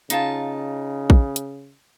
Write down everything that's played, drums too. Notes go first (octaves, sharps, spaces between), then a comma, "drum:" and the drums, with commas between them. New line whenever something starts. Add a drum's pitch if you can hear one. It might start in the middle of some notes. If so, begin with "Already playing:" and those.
C#3 D#4 F4 A5, drum: hi-hat
drum: kick
drum: hi-hat